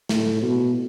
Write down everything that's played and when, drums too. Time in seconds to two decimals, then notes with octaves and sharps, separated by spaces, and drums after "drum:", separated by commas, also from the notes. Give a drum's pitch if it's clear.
0.09 A2, drum: snare
0.42 B2